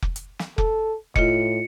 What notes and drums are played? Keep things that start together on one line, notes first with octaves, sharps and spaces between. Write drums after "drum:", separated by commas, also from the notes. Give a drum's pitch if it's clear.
drum: kick F1
drum: hi-hat
drum: snare
A4, drum: kick F1
A2 F4 D#5 C#7, drum: kick F1